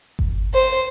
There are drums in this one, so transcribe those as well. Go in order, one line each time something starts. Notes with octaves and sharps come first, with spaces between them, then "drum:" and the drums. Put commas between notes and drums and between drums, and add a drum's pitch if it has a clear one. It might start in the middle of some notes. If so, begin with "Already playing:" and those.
drum: kick G1
C5